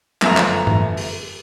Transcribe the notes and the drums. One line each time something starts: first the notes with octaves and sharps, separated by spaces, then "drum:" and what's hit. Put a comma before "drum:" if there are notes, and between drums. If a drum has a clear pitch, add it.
G1 F#2 F3 A3 E5 A#5, drum: clap
drum: clap
drum: tom
drum: open hi-hat